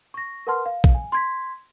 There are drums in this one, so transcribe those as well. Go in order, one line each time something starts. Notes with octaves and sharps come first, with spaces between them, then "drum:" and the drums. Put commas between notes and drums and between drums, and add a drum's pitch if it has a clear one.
C#6 A#6
A#4 B4 F#5 A5 C6 F6
F5
drum: kick A#1
G#5
C6 G#6 B6